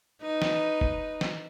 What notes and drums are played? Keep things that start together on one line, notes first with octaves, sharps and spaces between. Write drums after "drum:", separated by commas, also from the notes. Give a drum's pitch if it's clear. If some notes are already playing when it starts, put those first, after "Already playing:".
D#4 B4
drum: snare
drum: kick F#1
drum: snare